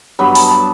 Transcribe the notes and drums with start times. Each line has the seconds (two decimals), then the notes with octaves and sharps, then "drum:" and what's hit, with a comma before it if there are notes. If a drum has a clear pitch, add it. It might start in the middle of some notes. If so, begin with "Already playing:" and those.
0.19 G2 F#3 B3 B5
0.35 A5, drum: open hi-hat
0.51 A5